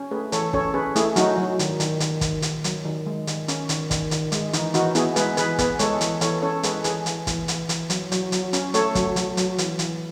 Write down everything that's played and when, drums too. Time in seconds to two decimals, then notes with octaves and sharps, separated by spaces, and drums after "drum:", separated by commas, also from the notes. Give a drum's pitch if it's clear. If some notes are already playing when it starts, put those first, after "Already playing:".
Already playing: C#4
0.11 A3 G#4 B4
0.32 E3 A4 C#5, drum: hi-hat
0.53 C#4 A4 C#5, drum: kick
0.74 C#4 G#4 B4
0.96 A3 E4 G#4, drum: hi-hat
1.16 F#3 D#4 F#4, drum: hi-hat
1.37 F#3
1.59 D#3, drum: hi-hat
1.80 D#3, drum: hi-hat
2.00 D#3, drum: hi-hat
2.21 D#3, drum: kick, hi-hat
2.42 D#3, drum: hi-hat
2.64 F#3, drum: hi-hat
2.85 D#3
3.06 G#3
3.27 D#3, drum: hi-hat
3.48 C#4, drum: hi-hat
3.69 D#3, drum: hi-hat
3.91 D#3, drum: kick, hi-hat
4.11 D#3, drum: hi-hat
4.32 G#3, drum: hi-hat
4.53 E3 D#4, drum: hi-hat
4.74 E3 D#4 F#4, drum: hi-hat
4.95 B3 E4 G#4, drum: hi-hat
5.16 G#3 G#4 B4, drum: hi-hat
5.37 E3 G#4 B4, drum: hi-hat
5.59 B3 G#4 B4, drum: kick, hi-hat
5.79 G#3 A4 C#5, drum: hi-hat
6.01 E3, drum: hi-hat
6.21 E3 A4 C#5, drum: hi-hat
6.42 C#4 A4 C#5
6.63 G#3 G#4 B4, drum: hi-hat
6.84 E3 G#4 B4, drum: hi-hat
7.06 E3, drum: hi-hat
7.27 E3, drum: kick, hi-hat
7.48 E3, drum: hi-hat
7.69 E3, drum: hi-hat
7.90 F#3, drum: hi-hat
8.12 F#3, drum: hi-hat
8.32 F#3, drum: hi-hat
8.53 C#4, drum: hi-hat
8.74 A3 A4 C#5, drum: hi-hat
8.95 F#3, drum: kick, hi-hat
9.16 F#3, drum: hi-hat
9.37 F#3, drum: hi-hat
9.58 E3, drum: hi-hat
9.79 E3, drum: hi-hat